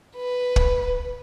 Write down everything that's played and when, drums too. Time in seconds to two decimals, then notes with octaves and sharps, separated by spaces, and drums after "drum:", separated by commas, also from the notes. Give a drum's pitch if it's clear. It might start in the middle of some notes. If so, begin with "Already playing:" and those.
0.16 B4
0.56 drum: kick